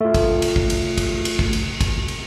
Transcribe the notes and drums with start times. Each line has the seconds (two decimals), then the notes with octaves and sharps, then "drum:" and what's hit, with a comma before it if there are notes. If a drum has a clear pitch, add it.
0.01 A3 F4
0.14 drum: kick, cymbal
0.42 drum: cymbal
0.56 drum: kick
0.70 drum: cymbal
0.97 drum: kick, cymbal
1.25 drum: cymbal
1.39 drum: kick
1.53 drum: cymbal
1.81 drum: kick, cymbal
2.08 drum: cymbal